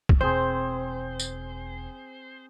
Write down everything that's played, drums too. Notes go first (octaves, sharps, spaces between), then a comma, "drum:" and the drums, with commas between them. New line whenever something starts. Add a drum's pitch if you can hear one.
drum: kick
E1 C4 G#4 C5
drum: tambourine